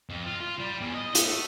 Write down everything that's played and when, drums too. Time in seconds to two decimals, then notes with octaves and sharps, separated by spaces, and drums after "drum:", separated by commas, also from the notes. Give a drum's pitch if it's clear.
0.10 F2
0.26 F4
0.40 F4
0.59 G3
0.81 E2
0.94 D#5
1.15 A3, drum: hi-hat